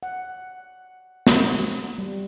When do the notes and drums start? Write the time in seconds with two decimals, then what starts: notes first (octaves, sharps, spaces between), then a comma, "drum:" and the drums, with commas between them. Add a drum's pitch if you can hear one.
0.03 F#5
1.27 drum: snare
1.98 G3